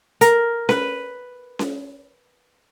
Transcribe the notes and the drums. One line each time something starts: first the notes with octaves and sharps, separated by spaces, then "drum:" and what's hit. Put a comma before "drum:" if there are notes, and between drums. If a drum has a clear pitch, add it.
A#4, drum: hi-hat
B4, drum: snare C#4
drum: snare C#4